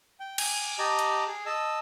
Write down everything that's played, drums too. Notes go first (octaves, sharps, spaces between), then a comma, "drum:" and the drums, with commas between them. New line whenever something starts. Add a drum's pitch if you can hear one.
G5
G#5, drum: cymbal
G4 D#5 A5 A#5
drum: hi-hat
G#4
D#5 A5 E6